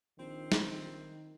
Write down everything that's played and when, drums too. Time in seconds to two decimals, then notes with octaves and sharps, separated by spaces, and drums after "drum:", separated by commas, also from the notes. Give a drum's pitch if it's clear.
0.19 A#1 D#3 C4
0.52 drum: snare